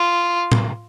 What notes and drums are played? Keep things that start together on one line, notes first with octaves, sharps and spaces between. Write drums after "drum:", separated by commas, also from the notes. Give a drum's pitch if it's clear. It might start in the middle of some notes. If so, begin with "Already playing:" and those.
Already playing: F4
drum: tom A2